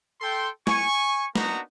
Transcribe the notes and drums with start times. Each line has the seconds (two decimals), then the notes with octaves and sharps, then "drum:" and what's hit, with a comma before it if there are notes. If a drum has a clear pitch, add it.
0.21 A4 G5 C6
0.67 G#5 C#6, drum: snare
1.35 A#3 B3 D4 D#4 F#4 A#5, drum: snare